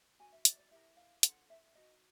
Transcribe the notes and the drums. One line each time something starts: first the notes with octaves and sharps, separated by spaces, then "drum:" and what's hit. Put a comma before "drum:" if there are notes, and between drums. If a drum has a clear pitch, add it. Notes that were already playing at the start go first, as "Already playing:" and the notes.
D4 F#4 G#5
E5
D5, drum: hi-hat
D5
E4 G4 A#4 E5
F5
D4 F4 A4 F#5, drum: hi-hat
E5
D#4 F#4 A#4 D#5